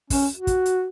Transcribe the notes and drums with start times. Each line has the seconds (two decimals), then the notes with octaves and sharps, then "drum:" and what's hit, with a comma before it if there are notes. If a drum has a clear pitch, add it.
0.10 C#4, drum: kick, open hi-hat
0.36 F#4
0.47 drum: kick, hi-hat
0.66 drum: hi-hat